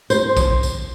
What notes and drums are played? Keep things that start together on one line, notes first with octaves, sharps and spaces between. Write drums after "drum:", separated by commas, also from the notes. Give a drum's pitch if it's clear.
C5, drum: tambourine
drum: kick A#1, tambourine
drum: tambourine